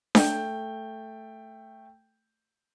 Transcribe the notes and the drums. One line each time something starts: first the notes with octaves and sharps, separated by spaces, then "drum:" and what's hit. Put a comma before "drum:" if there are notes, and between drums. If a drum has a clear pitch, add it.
A3 G5 G6, drum: snare D4